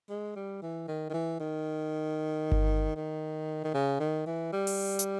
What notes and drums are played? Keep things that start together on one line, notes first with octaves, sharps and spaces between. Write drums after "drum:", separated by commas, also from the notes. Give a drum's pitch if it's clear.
G#3
G3
E3
D#3
D#3
E3
D#3
drum: kick G1
D#3
D#3
C#3
D#3
E3
G3
drum: open hi-hat
drum: hi-hat